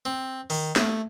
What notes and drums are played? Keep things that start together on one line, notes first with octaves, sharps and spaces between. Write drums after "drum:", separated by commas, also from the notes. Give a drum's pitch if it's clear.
C4
D#3, drum: open hi-hat
A3, drum: snare